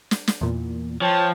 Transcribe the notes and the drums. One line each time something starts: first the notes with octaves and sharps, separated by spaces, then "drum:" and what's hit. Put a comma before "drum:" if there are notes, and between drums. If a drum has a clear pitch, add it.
drum: snare
drum: snare
E2 A#2
F3 C#5 G5 A5